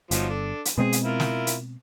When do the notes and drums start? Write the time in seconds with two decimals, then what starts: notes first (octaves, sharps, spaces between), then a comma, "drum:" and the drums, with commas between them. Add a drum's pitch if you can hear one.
0.11 G1 F3 F#3 D#4, drum: hi-hat
0.29 D4 A4
0.65 drum: hi-hat
0.78 B2 G#3 C4 G#4
0.93 drum: hi-hat
1.04 E4 F4 A#4
1.20 drum: snare
1.47 drum: hi-hat